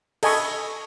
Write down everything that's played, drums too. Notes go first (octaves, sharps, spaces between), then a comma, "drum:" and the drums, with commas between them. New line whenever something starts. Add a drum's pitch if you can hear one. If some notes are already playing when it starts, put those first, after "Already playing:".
A4 D#5 G#5 B5 C#6, drum: cymbal